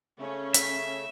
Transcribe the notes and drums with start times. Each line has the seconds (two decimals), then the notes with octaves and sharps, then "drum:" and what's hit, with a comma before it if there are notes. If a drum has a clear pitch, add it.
0.19 C#3 A3 C#4
0.54 E5, drum: hi-hat